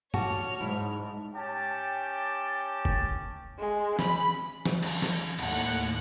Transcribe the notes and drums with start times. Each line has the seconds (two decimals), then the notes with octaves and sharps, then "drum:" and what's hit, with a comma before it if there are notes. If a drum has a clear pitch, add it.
0.14 F#4 C#5 D5 A5 F6, drum: tom
0.61 G#2 E4
1.35 C#4 G4 G5 A5
2.85 drum: kick
3.59 G#3
3.99 B5, drum: snare E3
4.66 drum: snare E3
4.83 drum: cymbal
5.02 drum: snare E3
5.39 D#2 A2 F#5, drum: cymbal